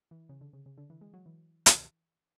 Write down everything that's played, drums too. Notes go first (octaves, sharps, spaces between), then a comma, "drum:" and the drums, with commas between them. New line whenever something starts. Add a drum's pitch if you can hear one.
E3
C#3
D3
C#3
C#3
D3
E3
G#3
F#3
E3
drum: hi-hat